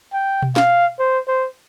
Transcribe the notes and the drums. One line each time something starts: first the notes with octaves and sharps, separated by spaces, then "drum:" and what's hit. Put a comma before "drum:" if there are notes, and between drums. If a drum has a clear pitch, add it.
G5
drum: tom B2
F5, drum: snare
C5
C5